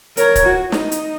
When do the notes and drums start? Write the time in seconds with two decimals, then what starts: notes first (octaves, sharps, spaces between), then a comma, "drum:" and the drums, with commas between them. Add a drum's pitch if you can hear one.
0.17 A#4 C#5, drum: hi-hat
0.35 drum: kick C#1, hi-hat
0.45 F#4
0.72 D#4, drum: snare
0.92 drum: hi-hat